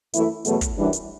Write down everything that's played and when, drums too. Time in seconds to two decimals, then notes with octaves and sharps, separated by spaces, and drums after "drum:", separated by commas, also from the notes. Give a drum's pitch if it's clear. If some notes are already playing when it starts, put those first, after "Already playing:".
0.13 F#2 E3 A3 E4, drum: hi-hat
0.45 E2 B2 F#3 A3, drum: hi-hat
0.61 drum: kick, hi-hat
0.77 F#2 E3 G3 D4
0.93 drum: hi-hat